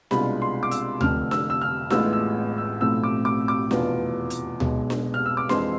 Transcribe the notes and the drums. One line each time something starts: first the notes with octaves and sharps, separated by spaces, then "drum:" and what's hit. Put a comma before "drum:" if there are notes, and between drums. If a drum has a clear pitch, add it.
C2 B2 G#3 D4 F4 B5, drum: snare D4
C6
D6
E6, drum: hi-hat
F1 F2 D3 F6, drum: tom D2
E6, drum: snare D4
E6
F6
A1 A2 G#3 B3 F4 E6, drum: snare D4
E6
E6
B1 A2 F3 A3 C4 E6
D6
D6
D6
F1 E2 B2 B3 F4, drum: snare D4
drum: hi-hat
B1 B2 G#3, drum: tom D2
drum: snare D4
F6
E6
D6
F2 E3 G#3 C4 C6, drum: snare D4